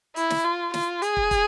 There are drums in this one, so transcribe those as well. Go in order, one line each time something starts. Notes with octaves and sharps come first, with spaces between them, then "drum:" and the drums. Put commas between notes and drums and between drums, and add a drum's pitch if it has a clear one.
E4, drum: hi-hat
drum: snare
F4
F4, drum: snare
G#4, drum: hi-hat
drum: kick
drum: kick, hi-hat